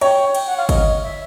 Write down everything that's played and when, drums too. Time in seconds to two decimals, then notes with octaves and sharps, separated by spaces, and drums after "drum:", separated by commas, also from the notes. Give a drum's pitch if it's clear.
0.01 C#5 G5, drum: cymbal
0.35 G5, drum: cymbal
0.46 F#5
0.57 F5
0.69 D#5, drum: kick, cymbal
1.03 E5